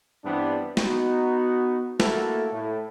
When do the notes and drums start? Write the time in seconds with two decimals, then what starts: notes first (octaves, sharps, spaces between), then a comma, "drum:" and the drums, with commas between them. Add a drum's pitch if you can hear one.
0.25 G2 E3 G3 B3 C4 D4
0.77 B3 D#4 F#4, drum: snare
2.00 A3 A#3 E4 F#4 A4, drum: snare
2.53 A2